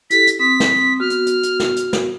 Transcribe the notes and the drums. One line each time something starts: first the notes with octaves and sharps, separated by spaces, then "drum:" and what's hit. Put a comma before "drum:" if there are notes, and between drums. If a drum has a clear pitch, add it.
E4 G4 A4 B6, drum: hi-hat
drum: hi-hat
C4 C6 D#6 B6
drum: snare
B3 F#4 F6
drum: hi-hat
drum: hi-hat
drum: hi-hat
drum: snare
drum: hi-hat
drum: snare